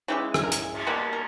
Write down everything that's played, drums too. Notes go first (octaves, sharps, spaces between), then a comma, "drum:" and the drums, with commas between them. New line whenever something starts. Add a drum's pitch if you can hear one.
C#3 E3 G#3 G4
G#4, drum: rim click
A#4
G#4, drum: hi-hat
drum: cymbal
B2 G3 A#3 B4
A#4